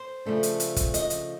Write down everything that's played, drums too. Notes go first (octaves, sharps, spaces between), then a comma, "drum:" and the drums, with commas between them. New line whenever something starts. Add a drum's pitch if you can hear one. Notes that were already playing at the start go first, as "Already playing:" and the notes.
Already playing: C5
C#3 F3 A3 D4
drum: hi-hat
drum: hi-hat
drum: kick, hi-hat
D#5, drum: hi-hat
drum: hi-hat